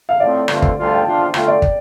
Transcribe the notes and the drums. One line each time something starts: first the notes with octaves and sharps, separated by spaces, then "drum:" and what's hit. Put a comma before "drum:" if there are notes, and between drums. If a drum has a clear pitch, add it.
F5
A2 F3 C4 D5
G2 D3 A3 C4 F4, drum: rim click
drum: kick
D2 D3 G3 F4
A5
G5
F3 D4 F4 A5
D3 A3 F4 G5, drum: rim click
D5
drum: kick